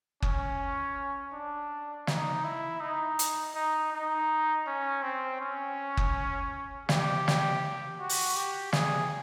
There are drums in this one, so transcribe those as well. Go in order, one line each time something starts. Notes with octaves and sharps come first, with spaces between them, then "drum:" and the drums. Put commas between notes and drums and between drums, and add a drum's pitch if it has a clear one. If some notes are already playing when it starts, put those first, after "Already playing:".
C#4, drum: kick F#1
D4
D#4, drum: snare
E4
D#4
drum: hi-hat
D#4
D#4
C#4
C4
C#4
drum: kick F#1
G4, drum: snare
drum: snare
F#4
drum: open hi-hat
G4
G#4, drum: snare